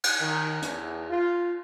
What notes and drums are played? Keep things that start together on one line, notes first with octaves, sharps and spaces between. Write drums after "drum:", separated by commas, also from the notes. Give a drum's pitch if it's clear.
drum: cymbal
D#3
E2, drum: hi-hat
F4